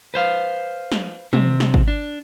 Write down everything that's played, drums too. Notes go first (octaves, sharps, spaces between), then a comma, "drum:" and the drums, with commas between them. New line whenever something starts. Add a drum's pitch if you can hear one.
B4 C5 F5
drum: snare
C3 C4, drum: tom
drum: snare
drum: kick
D4